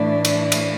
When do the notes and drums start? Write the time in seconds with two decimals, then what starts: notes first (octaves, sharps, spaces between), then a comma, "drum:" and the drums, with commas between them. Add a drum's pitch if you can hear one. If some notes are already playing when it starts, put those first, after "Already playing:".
Already playing: A2 E3 A3 D4
0.25 drum: cymbal
0.52 drum: cymbal